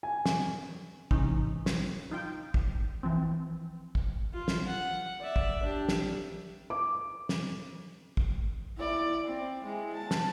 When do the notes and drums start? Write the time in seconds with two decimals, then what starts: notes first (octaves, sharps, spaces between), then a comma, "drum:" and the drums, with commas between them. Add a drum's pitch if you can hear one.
0.03 G#5
0.26 drum: snare
1.11 G#2 C3 E3 C#4 D#4, drum: kick
1.66 drum: snare
2.11 D#4 F4 G5
2.54 drum: kick
3.03 E3 F3 C4
3.95 drum: kick
4.33 F4
4.48 drum: snare
4.67 F#5
5.21 D5 E5
5.36 drum: kick
5.64 D4 G4
5.89 drum: snare
6.70 D6
7.29 drum: snare
8.17 drum: kick
8.78 E4 D5
9.25 C4
9.64 G#3 E4
9.93 A5
10.11 drum: snare